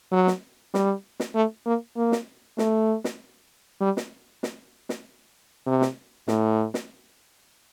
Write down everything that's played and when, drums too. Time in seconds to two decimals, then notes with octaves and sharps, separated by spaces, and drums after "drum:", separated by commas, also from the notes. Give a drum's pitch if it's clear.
0.12 F#3
0.27 drum: snare
0.74 G3, drum: snare
1.20 drum: snare
1.35 A3
1.66 A#3
1.97 A#3
2.12 drum: snare
2.58 A3, drum: snare
3.04 drum: snare
3.81 G3
3.97 drum: snare
4.43 drum: snare
4.89 drum: snare
5.67 C3
5.82 drum: snare
6.28 A2, drum: snare
6.74 drum: snare